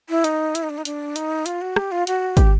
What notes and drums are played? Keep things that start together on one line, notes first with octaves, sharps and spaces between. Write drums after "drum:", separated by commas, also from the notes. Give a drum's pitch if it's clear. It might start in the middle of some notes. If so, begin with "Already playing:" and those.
E4
D#4, drum: hi-hat
E4, drum: hi-hat
D#4
D4
D#4
D4, drum: hi-hat
D#4, drum: hi-hat
F4, drum: hi-hat
F#4
G4, drum: rim click
F4
F#4, drum: hi-hat
G4, drum: kick, hi-hat